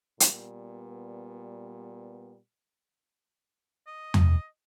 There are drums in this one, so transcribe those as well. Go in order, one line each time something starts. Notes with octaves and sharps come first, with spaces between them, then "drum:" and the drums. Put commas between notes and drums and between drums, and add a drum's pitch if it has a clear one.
A#2 G3 B3, drum: hi-hat
D#5
drum: tom E2